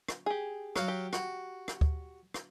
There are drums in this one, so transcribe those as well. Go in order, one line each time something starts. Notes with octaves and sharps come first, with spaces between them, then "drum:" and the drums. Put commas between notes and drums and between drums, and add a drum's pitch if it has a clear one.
drum: rim click
G4 G#4
F#3 F#4 F5, drum: rim click
G4
F#4, drum: rim click
drum: rim click
drum: kick D2
drum: rim click